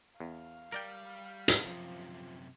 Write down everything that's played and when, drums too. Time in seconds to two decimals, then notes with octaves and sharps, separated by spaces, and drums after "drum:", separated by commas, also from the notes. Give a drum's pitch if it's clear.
0.20 E2 F5
0.72 G3 A#4 D5 G5
1.48 drum: hi-hat
1.64 F#2 C3 F3